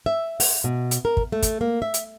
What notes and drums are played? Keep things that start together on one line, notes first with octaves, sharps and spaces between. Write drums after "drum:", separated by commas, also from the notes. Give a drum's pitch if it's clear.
E5
F#5, drum: open hi-hat
B2
drum: hi-hat
A#4
drum: kick
A3
drum: kick, hi-hat
A#3
E5
drum: hi-hat